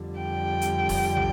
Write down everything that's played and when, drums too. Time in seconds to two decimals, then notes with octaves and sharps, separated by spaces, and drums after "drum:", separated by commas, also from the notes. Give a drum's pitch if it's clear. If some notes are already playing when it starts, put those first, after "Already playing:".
Already playing: F2 D3 G3
0.20 G5
0.61 drum: hi-hat
0.89 drum: kick D#1, open hi-hat
1.17 drum: tom